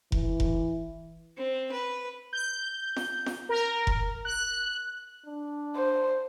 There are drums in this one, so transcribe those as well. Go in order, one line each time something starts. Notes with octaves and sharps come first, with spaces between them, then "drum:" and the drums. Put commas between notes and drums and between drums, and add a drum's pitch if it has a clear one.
E3, drum: kick F1
drum: kick F1
C4
B4
G6
drum: snare
drum: snare
A#4
drum: kick F1
F#6
D4
C5